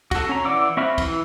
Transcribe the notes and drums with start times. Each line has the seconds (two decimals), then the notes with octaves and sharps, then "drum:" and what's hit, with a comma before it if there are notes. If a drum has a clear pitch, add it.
0.11 F#4 A4, drum: kick, cymbal
0.29 C#4 A#5
0.45 E3 D5 F#5 D6 E6
0.77 C4 F#4 E5 B5 F6
0.98 E3, drum: kick, cymbal